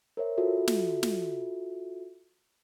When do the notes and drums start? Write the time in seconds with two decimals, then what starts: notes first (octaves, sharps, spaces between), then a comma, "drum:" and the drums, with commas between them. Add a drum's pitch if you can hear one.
0.17 A#4 C5 C#5 E5
0.37 F4 F#4 A4 E5
0.67 drum: snare
1.03 drum: snare